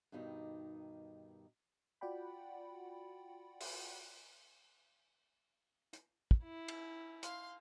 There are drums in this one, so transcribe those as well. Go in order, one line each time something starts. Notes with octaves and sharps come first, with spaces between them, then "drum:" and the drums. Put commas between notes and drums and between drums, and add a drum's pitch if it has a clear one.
G2 B2 D#3 D#4 G4
F4 F#4 D5 F#5 G5 B5
drum: open hi-hat
drum: hi-hat
drum: kick
E4
drum: cymbal
F5 C6, drum: hi-hat